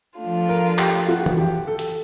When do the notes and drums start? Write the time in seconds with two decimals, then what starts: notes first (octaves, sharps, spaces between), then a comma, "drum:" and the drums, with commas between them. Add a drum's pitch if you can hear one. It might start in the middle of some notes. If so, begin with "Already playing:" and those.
0.19 F3 A3 D4 F4
0.49 A#4
0.78 G4, drum: clap
1.08 F#4
1.26 drum: tom
1.38 G4
1.67 A4
1.79 drum: hi-hat